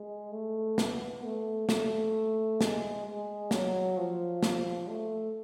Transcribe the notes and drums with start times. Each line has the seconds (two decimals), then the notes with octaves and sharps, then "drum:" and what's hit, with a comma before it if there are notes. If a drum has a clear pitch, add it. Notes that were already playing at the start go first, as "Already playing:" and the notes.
Already playing: G#3
0.32 A3
0.78 B3, drum: snare
1.24 A3
1.69 A3, drum: snare
2.61 G#3, drum: snare
3.06 G#3
3.51 F#3, drum: snare
3.97 F3
4.43 drum: snare
4.89 A3